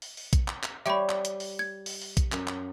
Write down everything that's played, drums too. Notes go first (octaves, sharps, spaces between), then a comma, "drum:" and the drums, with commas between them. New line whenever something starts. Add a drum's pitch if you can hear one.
drum: open hi-hat
drum: open hi-hat
drum: kick A#1, hi-hat
drum: clap
drum: clap
G3 G4 C#5 E5 B5
drum: clap
drum: hi-hat
drum: open hi-hat
G#6
drum: open hi-hat
drum: open hi-hat
drum: kick A#1, hi-hat
F#2, drum: clap
drum: clap